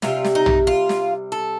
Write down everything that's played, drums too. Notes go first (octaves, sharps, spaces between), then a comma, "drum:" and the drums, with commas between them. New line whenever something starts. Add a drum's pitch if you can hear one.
C3 D#3 G3 F4, drum: snare
drum: snare
D#4
drum: tom
F4
drum: snare
A4